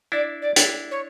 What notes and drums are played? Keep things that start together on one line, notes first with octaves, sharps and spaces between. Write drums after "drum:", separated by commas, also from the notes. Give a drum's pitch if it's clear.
D4 E4 D5
D5
D4 E4, drum: hi-hat
C#5